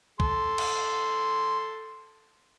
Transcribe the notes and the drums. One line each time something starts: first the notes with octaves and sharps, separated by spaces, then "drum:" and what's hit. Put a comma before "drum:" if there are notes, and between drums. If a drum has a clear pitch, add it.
A4 C6, drum: kick
drum: cymbal